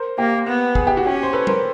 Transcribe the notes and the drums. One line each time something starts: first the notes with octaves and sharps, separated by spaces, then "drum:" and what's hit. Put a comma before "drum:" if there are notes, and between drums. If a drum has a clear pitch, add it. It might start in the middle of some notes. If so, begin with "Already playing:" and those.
Already playing: A#4 C5
A#3 G4
B3
G#4, drum: kick
G4
F#4
C#4 G4
C5
A4 B4
A#4 C5, drum: tom